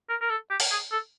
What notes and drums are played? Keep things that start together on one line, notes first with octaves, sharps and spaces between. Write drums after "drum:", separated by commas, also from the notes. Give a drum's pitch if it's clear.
A#4
A#4
A4
G4
drum: open hi-hat
G#4
A4